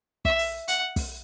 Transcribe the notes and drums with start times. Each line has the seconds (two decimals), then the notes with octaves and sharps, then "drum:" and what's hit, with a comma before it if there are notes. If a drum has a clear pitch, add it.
0.25 E5, drum: kick
0.39 drum: open hi-hat
0.68 F#5, drum: hi-hat
0.96 drum: kick, open hi-hat